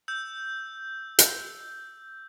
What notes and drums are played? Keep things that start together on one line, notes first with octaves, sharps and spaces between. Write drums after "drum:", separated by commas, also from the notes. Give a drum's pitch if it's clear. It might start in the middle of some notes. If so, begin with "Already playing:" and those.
E6 G6
drum: hi-hat